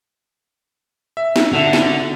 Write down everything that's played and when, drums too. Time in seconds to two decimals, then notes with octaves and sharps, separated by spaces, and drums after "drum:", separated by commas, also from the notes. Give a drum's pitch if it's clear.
1.17 E5
1.36 drum: snare
1.53 D3 F#4 A4 E5
1.73 drum: snare